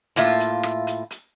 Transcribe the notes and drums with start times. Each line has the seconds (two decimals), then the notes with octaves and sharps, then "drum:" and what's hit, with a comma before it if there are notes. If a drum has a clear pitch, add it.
0.16 A2 A#3 F4 E5, drum: hi-hat
0.40 drum: hi-hat
0.63 drum: rim click
0.87 drum: hi-hat
1.11 drum: hi-hat